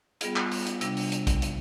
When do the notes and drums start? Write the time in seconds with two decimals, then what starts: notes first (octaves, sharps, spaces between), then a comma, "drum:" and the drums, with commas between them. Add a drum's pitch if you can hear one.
0.21 G3 B3 F4 G#4, drum: hi-hat
0.36 drum: clap
0.51 drum: open hi-hat
0.66 drum: hi-hat
0.81 C3 G3 D4, drum: hi-hat
0.97 drum: open hi-hat
1.12 drum: hi-hat
1.27 drum: kick, hi-hat
1.42 drum: hi-hat